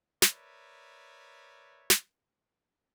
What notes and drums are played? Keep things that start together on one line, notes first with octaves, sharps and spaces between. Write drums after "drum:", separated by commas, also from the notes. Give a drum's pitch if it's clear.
A#4 B4 C#5 D5 E5, drum: snare
drum: snare